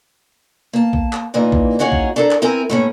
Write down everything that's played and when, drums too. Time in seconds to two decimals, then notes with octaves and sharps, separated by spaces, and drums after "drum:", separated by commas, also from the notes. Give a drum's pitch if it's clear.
0.73 A#3 A5
0.93 drum: kick A#1
1.13 drum: clap
1.34 A#2 E3 A#3 D#4
1.52 drum: kick A#1
1.79 A#3 B3 C#4 D#4 F#4 G#4
1.92 drum: kick A#1
2.16 D4 A4 A#4
2.31 drum: clap
2.42 C4 E4 A#4 G#5
2.70 A2 A#3 C#4